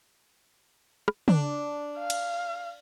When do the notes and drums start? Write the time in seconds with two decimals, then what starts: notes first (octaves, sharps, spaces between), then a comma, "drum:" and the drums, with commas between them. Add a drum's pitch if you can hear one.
1.08 drum: rim click
1.28 D4, drum: tom
1.99 F5
2.10 drum: cymbal